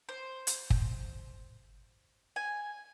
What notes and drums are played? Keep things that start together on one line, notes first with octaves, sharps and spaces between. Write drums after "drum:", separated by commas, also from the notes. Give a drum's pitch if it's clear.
C5
drum: hi-hat
drum: kick
G#5